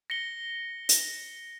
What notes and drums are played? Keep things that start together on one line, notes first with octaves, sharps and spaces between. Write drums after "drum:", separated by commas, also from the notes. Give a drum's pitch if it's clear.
A#6 C#7 G7
drum: hi-hat